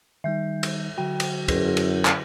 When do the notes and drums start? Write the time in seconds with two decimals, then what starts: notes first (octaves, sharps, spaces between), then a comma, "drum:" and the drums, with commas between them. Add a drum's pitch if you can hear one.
0.24 D#3 G3 D#4 E5 G6
0.63 drum: cymbal
0.98 D3 F#3 F#4 G5
1.20 drum: cymbal
1.48 F#2 E4 G#4 B4, drum: kick, cymbal
1.77 drum: cymbal
2.05 drum: clap